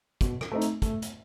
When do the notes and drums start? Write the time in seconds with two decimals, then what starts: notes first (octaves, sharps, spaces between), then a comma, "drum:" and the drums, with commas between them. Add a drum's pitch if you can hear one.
0.21 B2, drum: kick, hi-hat
0.41 drum: rim click
0.52 A3 C4 D#4
0.61 drum: hi-hat
0.82 A3, drum: kick, hi-hat
1.02 drum: hi-hat